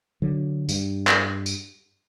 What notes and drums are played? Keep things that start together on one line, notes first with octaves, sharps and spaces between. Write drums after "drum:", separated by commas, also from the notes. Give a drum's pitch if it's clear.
D3 F#3
G2, drum: tambourine
drum: clap
drum: tambourine